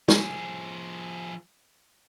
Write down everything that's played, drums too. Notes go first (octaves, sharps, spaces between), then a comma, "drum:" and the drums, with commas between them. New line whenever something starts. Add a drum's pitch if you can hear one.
F3 G#4, drum: snare